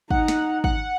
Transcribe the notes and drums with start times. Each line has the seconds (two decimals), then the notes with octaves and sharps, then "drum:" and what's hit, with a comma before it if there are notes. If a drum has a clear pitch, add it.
0.11 D#4 F#5, drum: kick
0.28 drum: snare
0.64 F#5, drum: kick